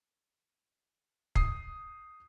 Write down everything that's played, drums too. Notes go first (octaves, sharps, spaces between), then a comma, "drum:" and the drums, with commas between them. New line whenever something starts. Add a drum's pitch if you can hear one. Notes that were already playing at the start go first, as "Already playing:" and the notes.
D#6 C7, drum: kick